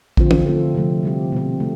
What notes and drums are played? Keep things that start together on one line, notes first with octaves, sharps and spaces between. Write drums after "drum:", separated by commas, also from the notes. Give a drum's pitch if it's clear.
D3 F3 C4 F4 C5, drum: kick A#1
drum: tom
A3 C4 F4 A4
C3 F3 A3
G3 C4 G4
B2 A3 C4
A3